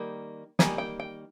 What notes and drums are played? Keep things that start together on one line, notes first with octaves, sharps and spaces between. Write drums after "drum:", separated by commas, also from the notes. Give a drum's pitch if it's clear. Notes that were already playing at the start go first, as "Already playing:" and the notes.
Already playing: D#3 G3 A#3
D#3 G3 A#3 G#5, drum: snare
G5
G5